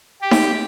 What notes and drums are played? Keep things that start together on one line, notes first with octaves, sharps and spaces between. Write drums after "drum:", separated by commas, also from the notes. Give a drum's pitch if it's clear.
G4
drum: snare D#4